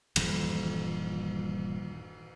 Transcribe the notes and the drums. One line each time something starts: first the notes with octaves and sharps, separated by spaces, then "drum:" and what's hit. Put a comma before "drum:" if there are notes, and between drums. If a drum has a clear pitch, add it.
D#1 G2 E3 F3, drum: cymbal